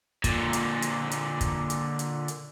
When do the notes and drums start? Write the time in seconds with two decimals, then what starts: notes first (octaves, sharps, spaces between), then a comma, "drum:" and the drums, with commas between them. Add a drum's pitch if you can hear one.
0.24 A#2 D3, drum: kick, hi-hat
0.53 drum: hi-hat
0.82 drum: hi-hat
1.11 drum: hi-hat
1.41 drum: kick, hi-hat
1.70 drum: hi-hat
1.99 drum: hi-hat
2.28 drum: hi-hat